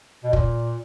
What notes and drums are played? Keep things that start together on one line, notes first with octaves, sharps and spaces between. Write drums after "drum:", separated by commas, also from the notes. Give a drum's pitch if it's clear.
B2
A#2, drum: kick